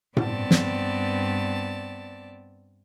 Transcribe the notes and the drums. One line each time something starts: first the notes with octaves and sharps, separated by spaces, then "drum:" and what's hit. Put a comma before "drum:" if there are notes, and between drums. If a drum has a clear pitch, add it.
G2 B3 C4 D5 A5, drum: tom A2
drum: snare